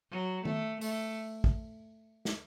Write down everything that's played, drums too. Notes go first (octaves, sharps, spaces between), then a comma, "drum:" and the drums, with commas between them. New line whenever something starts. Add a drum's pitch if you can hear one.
F#3
A3, drum: tom D#3
A3, drum: open hi-hat
drum: kick
drum: snare